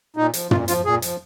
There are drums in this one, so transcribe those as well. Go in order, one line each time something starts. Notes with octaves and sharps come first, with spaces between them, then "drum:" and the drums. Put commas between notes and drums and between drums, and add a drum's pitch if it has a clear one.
A#2 D#4
F3, drum: hi-hat
A#2 F4, drum: tom
F3 F4, drum: hi-hat
A#2 G#4
F3, drum: hi-hat